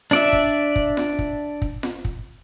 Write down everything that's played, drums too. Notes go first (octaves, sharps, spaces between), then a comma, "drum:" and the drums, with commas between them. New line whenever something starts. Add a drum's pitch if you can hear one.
D4 D5 E5, drum: snare F4
drum: kick
drum: kick
drum: snare F4
drum: kick
drum: kick
drum: snare F4
drum: kick